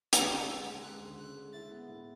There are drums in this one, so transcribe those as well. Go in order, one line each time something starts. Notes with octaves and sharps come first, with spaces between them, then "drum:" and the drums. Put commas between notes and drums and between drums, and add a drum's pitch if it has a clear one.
D2 E6, drum: hi-hat
C#3
G#3 E6
C#3
G#3 F#6
D2
C#3 F#6
G#3
E4 A6
B3
A2